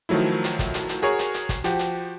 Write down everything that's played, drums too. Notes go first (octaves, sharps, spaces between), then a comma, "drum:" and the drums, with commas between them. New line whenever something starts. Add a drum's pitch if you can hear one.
D#3 F3 F#3 A3 E4
drum: hi-hat
drum: kick, hi-hat
drum: hi-hat
drum: hi-hat
F#4 G#4 A#4 C#5
drum: hi-hat
drum: hi-hat
drum: kick, hi-hat
F3 F#4 G4, drum: hi-hat
drum: hi-hat